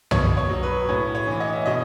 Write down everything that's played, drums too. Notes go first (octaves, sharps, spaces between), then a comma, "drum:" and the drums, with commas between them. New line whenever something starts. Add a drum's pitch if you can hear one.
B2 C#5, drum: tom
C#5
F#3
B4
A2 C#5
C#5
E3
D#5
E5
B2 D#5